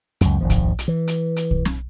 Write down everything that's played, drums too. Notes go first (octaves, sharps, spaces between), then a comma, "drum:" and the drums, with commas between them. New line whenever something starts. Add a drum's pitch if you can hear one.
C#2 F#2, drum: hi-hat
G#1 D#2 F3
drum: kick, hi-hat
drum: hi-hat
E3
drum: hi-hat
drum: hi-hat
drum: kick
drum: snare